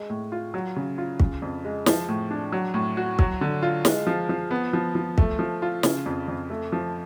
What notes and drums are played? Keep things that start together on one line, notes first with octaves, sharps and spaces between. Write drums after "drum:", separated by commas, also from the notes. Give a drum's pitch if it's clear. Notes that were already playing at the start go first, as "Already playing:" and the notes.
Already playing: G#3
A2
F4
F#3
C#3
F4
C#3, drum: kick
F2
G#3
F3, drum: snare
A2
D4
F#3
A2
F#4
F#3, drum: kick
D3
F4
G#3, drum: snare
F3
F3
B3
F3
F3
A3, drum: kick
F3
F4
C#3, drum: snare
F2
F2
A3
F3